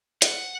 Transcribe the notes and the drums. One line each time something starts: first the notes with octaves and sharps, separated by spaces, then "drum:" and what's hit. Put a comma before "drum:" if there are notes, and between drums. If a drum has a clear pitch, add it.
F#5, drum: hi-hat